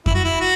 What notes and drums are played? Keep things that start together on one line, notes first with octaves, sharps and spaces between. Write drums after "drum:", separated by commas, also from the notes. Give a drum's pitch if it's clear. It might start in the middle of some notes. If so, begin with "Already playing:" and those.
E4, drum: kick F2
F#4
E4
F#4